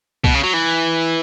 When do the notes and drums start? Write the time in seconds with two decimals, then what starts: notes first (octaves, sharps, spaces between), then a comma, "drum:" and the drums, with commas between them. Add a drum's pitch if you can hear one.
0.24 B2, drum: kick C2
0.34 C#3
0.43 F#3
0.53 E3